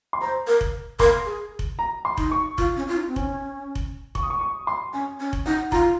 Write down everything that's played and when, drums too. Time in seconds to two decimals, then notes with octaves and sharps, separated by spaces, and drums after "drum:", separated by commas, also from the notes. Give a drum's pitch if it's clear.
0.13 C6
0.21 C5 A#5
0.47 A#4
0.61 drum: kick F1
0.99 A#4 C6, drum: kick F1
1.26 G#4
1.59 drum: kick F1
1.79 A#5
2.05 C6
2.17 D#4, drum: kick F1
2.31 C#6
2.58 F4, drum: kick F1
2.77 C#4
2.88 F4
2.97 D#4
3.08 C4
3.16 C#4, drum: kick F1
3.75 drum: kick F1
4.15 C#6, drum: kick F1
4.23 D#6
4.30 C#6
4.41 C#6
4.67 C6
4.93 C#4 G#5
5.20 C#4
5.33 drum: kick F1
5.46 D#4 F#5
5.72 F4 A#5, drum: kick F1